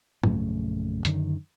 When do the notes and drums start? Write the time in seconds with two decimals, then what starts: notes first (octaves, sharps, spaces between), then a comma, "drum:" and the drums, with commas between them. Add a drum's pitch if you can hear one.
0.24 A#1 F#2 C#3 A3, drum: tom G#2
1.05 F#2 D3 D#3, drum: hi-hat